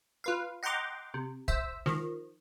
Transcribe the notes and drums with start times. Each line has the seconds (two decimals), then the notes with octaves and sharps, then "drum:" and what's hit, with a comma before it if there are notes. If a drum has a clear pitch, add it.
0.24 F4 B4 F5
0.63 D#5 F#5 G5 A#5 C6 D6
1.14 C3
1.48 C5 E5 E6, drum: kick
1.86 D#3 F3, drum: snare